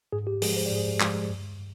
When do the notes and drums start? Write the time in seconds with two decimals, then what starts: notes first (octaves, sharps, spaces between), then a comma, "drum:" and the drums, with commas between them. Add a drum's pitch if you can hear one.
0.12 G#2 G#4
0.27 G4
0.42 F3 G#3 G#4, drum: open hi-hat
0.56 C5
0.66 D5
0.71 G#2 G#4 C5
1.00 F3 G#3, drum: clap
1.30 G2